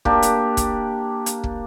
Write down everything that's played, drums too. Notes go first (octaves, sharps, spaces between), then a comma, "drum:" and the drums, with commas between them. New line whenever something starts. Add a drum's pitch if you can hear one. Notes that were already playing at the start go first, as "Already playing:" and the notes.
A#3 D4 G4, drum: kick
drum: hi-hat
drum: kick, hi-hat
drum: hi-hat
drum: kick